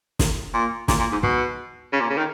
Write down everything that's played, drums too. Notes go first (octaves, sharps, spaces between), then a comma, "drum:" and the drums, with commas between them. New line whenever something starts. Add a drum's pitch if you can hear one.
drum: snare
A#2
A#2, drum: snare
A#2
G#2
B2, drum: kick
C#3
A#2
C#3
D#3